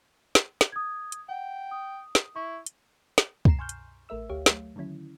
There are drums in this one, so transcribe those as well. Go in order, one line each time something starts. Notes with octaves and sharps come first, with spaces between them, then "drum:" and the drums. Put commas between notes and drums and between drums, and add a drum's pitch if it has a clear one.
drum: snare
drum: snare
D#6 G#6
drum: hi-hat
F#5 G5
D#6
drum: snare
E4 C#6
drum: hi-hat
drum: snare
C2 F#2 B2 A#5 C7 E7, drum: kick
G#5 C6 C#6 F6 G6
drum: hi-hat
A1 A3 A#4 E5 E6
D2 G4 C#5 F5
F#3 A3, drum: snare
D3 D#3 F#3 C#4 E4